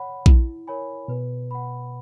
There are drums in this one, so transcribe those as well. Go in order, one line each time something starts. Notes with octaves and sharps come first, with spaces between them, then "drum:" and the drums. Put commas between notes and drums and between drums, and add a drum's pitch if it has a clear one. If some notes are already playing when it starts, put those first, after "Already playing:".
Already playing: C#5 F#5 B5
E4, drum: kick A#1
A#4 C#5 G#5 B5
B2 B4
F#5 B5